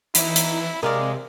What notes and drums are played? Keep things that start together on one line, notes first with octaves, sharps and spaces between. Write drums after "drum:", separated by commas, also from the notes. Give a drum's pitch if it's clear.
E3 D#4 E4, drum: hi-hat
drum: hi-hat
C3 G#3 A#4 D5 F5 D#6